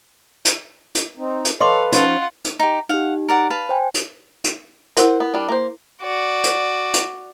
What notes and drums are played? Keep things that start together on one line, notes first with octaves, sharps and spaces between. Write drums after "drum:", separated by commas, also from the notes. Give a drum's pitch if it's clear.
drum: hi-hat
drum: hi-hat
C4 D#4
drum: hi-hat
A4 B4 C#5 D#5 F5 C6 D6
F3 C#4 D#4 F4 F#5, drum: hi-hat
drum: hi-hat
D#4 G4
D#4 G4 F5 F#5
A#4 D5 F#5
B4 F5 A5
C5 G5 G#5
drum: hi-hat
drum: hi-hat
E4 A#4 C5 F#5, drum: hi-hat
B3
G3 D4
A#3 C5
F#4 D5
drum: hi-hat
drum: hi-hat